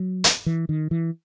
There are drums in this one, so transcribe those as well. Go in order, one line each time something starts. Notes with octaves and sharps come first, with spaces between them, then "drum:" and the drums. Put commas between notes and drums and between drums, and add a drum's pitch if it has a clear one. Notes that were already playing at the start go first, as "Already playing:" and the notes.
Already playing: F#3
drum: hi-hat
E3
D#3
E3